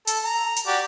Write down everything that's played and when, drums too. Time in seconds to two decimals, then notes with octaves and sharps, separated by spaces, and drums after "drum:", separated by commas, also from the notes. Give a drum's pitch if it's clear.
0.07 A4, drum: hi-hat
0.24 A#5
0.56 drum: hi-hat
0.67 F#4 G4 D5